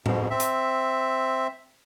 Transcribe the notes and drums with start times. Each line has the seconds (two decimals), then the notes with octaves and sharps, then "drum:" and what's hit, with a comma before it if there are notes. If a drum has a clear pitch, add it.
0.06 F2 G#2 B2, drum: tom A2
0.30 C4 E5
0.40 drum: hi-hat